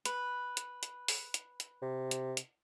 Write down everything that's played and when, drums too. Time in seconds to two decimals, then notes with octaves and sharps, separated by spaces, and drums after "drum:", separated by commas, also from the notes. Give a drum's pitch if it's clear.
0.05 B4, drum: hi-hat
0.57 drum: hi-hat
0.83 drum: hi-hat
1.08 drum: open hi-hat
1.34 drum: hi-hat
1.60 drum: hi-hat
1.82 C3
2.11 drum: hi-hat
2.37 drum: hi-hat